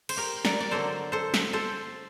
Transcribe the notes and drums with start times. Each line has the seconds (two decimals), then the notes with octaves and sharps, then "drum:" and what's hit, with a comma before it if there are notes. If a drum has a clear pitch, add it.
0.09 C5, drum: cymbal
0.17 G4 A#4
0.45 A#4 D5, drum: snare
0.60 D5
0.71 D3 F#3 A#3 A4 C5
1.12 A4 C5
1.34 drum: snare
1.53 A4 C5